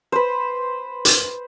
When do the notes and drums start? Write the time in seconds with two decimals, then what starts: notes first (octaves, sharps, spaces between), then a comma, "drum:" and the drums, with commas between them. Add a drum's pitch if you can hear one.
0.12 B4 C5
1.05 drum: hi-hat